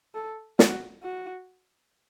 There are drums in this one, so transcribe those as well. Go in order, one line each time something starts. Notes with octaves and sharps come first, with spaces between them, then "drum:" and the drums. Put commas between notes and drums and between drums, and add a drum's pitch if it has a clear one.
A4
F#4, drum: snare
F#4